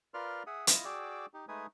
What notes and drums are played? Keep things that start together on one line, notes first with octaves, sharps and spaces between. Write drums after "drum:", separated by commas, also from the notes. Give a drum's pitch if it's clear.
F4 A#4 B4 D5 C6 F6
G#4 E5 F#5 D#6
E4 F4 D#5, drum: hi-hat
F#4 G#4 D5 G5 D6 E6
D#4 G4
G#3 A3 D#4 B4 G#5 D#6